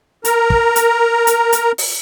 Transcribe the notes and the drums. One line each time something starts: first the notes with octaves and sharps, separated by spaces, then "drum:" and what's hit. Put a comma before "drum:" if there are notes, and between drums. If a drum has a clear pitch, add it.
A#4 A#5, drum: hi-hat
drum: kick
drum: hi-hat
drum: hi-hat
drum: hi-hat
drum: open hi-hat